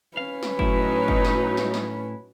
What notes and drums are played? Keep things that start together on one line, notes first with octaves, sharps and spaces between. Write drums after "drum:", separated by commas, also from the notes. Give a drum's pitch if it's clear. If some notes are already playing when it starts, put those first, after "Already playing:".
C#4 B4 F5
drum: snare
A2 F#3 D#4 E4, drum: kick F#1
drum: kick F#1
drum: snare
drum: snare
drum: snare